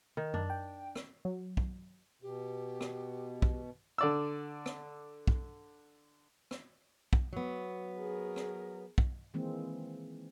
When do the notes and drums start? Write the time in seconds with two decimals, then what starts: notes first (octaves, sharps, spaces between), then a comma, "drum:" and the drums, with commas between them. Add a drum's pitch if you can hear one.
0.17 D#3
0.34 F#2 D4
0.50 G5
0.95 drum: rim click
1.25 F#3
1.57 drum: kick
2.22 B2 G4
2.81 drum: rim click
3.42 drum: kick
3.98 D3 D5 E6
4.66 drum: rim click
5.27 drum: kick
6.51 drum: rim click
7.13 drum: kick
7.33 F#3 B3
7.99 G#4 A#4
8.36 drum: rim click
8.98 drum: kick
9.34 D#3 E3 G#3 A#3 C4